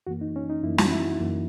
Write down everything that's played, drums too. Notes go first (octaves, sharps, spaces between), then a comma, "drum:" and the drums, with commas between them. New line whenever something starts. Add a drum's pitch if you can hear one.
F#2 E3 A#3 F#4
D#4
C#4
D#4
F#2 E3 A#3 E4
F#4, drum: snare
E4
F#2 E3 A#3